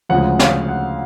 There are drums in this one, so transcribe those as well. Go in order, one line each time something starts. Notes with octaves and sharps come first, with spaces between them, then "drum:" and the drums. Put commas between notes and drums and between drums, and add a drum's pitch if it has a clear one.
D2 C#3 F3 G#3 F#5
F5, drum: snare
F#5